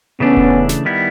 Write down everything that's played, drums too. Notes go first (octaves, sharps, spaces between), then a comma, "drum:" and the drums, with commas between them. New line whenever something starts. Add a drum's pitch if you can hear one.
C#3 E3 A3 B3 C#4 D4
drum: kick E1
drum: snare
D#3 G3 B3 E4